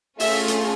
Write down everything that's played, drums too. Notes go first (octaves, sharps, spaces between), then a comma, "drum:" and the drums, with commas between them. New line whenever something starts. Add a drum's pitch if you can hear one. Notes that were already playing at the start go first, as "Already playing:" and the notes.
A3 C#4 F4 G#4 E5, drum: open hi-hat
drum: hi-hat